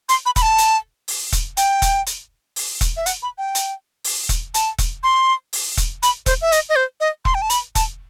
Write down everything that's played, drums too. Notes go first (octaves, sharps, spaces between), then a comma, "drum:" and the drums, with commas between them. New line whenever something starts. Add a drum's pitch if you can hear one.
C6, drum: hi-hat
B5
B5, drum: kick E1, hi-hat
A5
drum: hi-hat
drum: open hi-hat
drum: kick E1, hi-hat
G5, drum: hi-hat
drum: kick E1, hi-hat
drum: hi-hat
drum: open hi-hat
drum: kick E1, hi-hat
E5
F#5, drum: hi-hat
B5
G5
drum: hi-hat
drum: open hi-hat
drum: kick E1, hi-hat
A5, drum: hi-hat
drum: kick E1, hi-hat
C6
drum: open hi-hat
drum: kick E1, hi-hat
B5, drum: hi-hat
C5, drum: kick E1, hi-hat
E5
D#5, drum: hi-hat
D#5
C5
D#5
C6, drum: kick E1
G5
A5
B5, drum: hi-hat
A5, drum: kick E1, hi-hat